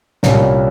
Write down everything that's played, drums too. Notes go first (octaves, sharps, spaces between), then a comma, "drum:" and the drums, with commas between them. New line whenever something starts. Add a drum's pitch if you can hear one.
C2 A#2 G3 A#3 C#4, drum: snare